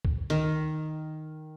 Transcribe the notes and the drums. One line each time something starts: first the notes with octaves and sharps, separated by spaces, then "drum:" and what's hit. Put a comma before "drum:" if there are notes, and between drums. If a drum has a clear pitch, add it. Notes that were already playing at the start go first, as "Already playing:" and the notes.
drum: kick C#2
D#3, drum: hi-hat